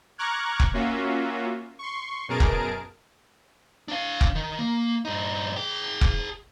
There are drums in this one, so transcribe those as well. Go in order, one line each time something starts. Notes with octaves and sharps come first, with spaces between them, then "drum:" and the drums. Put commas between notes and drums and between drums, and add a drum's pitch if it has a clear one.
A#5 C#6 D6 F6 F#6 G#6
drum: kick F1
A#3 C#4 F4 F#4 E5
C6 C#6
F#2 B2 G#4 A#4 A5 D7
drum: kick F1
D4 F5
drum: kick F1
D#3
A#3
G2 D#4
G#4 G5
drum: kick F1